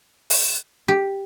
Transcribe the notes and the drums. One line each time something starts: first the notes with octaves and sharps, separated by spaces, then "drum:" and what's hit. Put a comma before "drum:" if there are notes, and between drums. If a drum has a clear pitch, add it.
drum: open hi-hat
G4